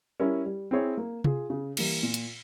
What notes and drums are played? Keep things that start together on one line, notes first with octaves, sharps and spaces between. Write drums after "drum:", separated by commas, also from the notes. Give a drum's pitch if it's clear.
G3 C#4 E4 A#4
G3
C4 E4 G#4 C#5
A#3
F4 G#4, drum: tom C3
C#3
E3 G3 A#3 E4, drum: cymbal
A#2
drum: hi-hat